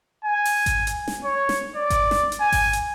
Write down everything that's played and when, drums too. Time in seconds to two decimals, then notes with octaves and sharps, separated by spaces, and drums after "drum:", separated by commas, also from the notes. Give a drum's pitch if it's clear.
0.25 G#5
0.45 drum: open hi-hat
0.66 drum: kick G#1, hi-hat
0.87 drum: hi-hat
1.08 drum: snare
1.25 C#5
1.49 drum: snare
1.76 D5
1.90 drum: kick G#1, hi-hat
2.11 drum: snare
2.32 drum: hi-hat
2.41 G#5
2.52 drum: kick G#1, open hi-hat
2.73 drum: hi-hat